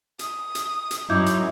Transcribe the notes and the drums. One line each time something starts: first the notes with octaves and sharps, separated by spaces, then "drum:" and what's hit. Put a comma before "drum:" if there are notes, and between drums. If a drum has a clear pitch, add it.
D#6, drum: hi-hat
drum: hi-hat
drum: hi-hat
F#2 D#4 E4 D6 G6
drum: hi-hat